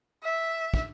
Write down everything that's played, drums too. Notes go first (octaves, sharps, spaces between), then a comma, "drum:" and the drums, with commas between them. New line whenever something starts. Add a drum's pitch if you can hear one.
E5
drum: kick